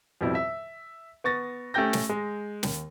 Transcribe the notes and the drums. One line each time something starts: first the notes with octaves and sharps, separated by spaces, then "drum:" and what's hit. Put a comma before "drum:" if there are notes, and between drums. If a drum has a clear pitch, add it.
F2 B2 G3 E4
E5
B3 C#6 A6 A#6
A3 C#4 G4 G5 G6 A#6
drum: snare
G#3
D#2, drum: snare